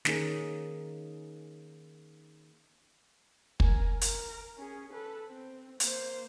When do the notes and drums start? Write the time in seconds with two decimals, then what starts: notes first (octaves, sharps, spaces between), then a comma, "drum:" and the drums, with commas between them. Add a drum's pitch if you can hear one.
0.05 D#3 A#3 C#4 D#4 G#4 A#4, drum: snare
3.60 A#4 G#5, drum: kick
4.01 A#4, drum: hi-hat
4.58 C#4 G#4
4.92 A4 B4
5.27 C4
5.80 A#3 C5, drum: hi-hat